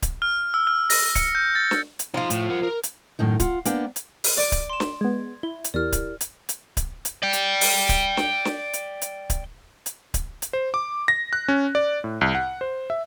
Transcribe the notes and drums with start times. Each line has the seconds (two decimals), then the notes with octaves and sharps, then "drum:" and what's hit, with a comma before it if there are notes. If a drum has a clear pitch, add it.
0.02 drum: kick D1, hi-hat
0.22 F6
0.54 E6
0.67 F6
0.90 A#6, drum: open hi-hat
1.15 C#7, drum: kick D1, hi-hat
1.35 G6
1.55 A6
1.71 drum: snare
1.99 drum: hi-hat
2.14 F3 D#4 F4 C6
2.30 A2, drum: hi-hat
2.50 A#4 F#5
2.63 A#4
2.83 drum: hi-hat
3.19 F#2 A2 D#3 D#4
3.40 F4 F#5, drum: kick D1, hi-hat
3.65 A#3 B3 D4 G5, drum: hi-hat
3.96 drum: hi-hat
4.24 drum: open hi-hat
4.37 D5
4.52 drum: kick D1, hi-hat
4.70 C6 E7
4.80 drum: snare
5.01 G#3 B3 G#6
5.43 E4 G7
5.64 drum: hi-hat
5.74 E2 E4 G4 A#4 D5 F6
5.92 drum: kick D1, hi-hat
6.21 drum: hi-hat
6.49 drum: hi-hat
6.77 drum: kick D1, hi-hat
7.05 drum: hi-hat
7.23 D5 G5
7.33 drum: hi-hat
7.61 drum: open hi-hat
7.89 drum: kick D1, hi-hat
8.17 drum: snare
8.45 drum: snare
8.73 drum: hi-hat
9.01 drum: hi-hat
9.30 drum: kick D1, hi-hat
9.86 drum: hi-hat
10.14 drum: kick D1, hi-hat
10.42 drum: hi-hat
10.53 C5
10.74 D6
11.08 A#6
11.33 F#6
11.48 C#4
11.75 D5
12.04 A2
12.21 C2
12.35 F#5
12.61 C5
12.90 E5